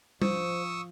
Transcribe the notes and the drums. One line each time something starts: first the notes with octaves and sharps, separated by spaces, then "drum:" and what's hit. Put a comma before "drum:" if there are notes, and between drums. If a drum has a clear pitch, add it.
F3 C5 C#6 D#6 E6, drum: tom